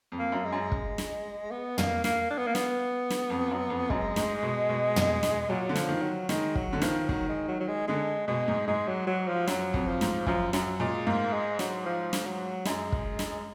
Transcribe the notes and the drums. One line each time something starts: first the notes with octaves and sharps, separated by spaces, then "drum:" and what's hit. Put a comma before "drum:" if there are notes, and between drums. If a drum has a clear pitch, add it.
F2
A#3
F#2
G#3
F#2
drum: kick
drum: snare
B3
A#3, drum: tom
A#3, drum: snare
D4
B3
A#3
B3, drum: snare
drum: snare
F2
F#2
F2
F#2 G#3, drum: kick
G#2, drum: snare
B2
B2
drum: tom
drum: snare
A#2 F#3
D3
F3, drum: snare
D#3
F#3
D#3 G#3, drum: snare
F#3, drum: kick
D3
D#3 F3, drum: snare
D#3 F#3, drum: kick
G#3
F#3
F#3
G#3
D3 G#3
B2 G#3
G#2
G#2 G#3
F#3
F#3
F3
F#2 F#3, drum: snare
F2, drum: kick
F3
G#2, drum: snare
F#2 F3, drum: kick
F#2 F#3, drum: snare
A#2 G#3
G#2 A#3
G#3
F#3, drum: snare
F3
drum: snare
F#3
F#2 G#3, drum: snare
drum: kick
drum: snare